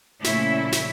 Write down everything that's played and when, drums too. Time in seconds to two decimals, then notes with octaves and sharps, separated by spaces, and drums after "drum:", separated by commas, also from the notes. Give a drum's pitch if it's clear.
0.24 A#2 C#3 F3 A3 C#4 E4, drum: snare
0.72 drum: snare